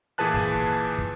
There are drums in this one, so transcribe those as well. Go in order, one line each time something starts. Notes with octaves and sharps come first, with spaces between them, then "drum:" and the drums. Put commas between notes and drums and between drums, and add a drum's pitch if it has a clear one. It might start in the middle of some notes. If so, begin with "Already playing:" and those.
A#2 E3 G#4 B4 A5 F#6
drum: kick
drum: kick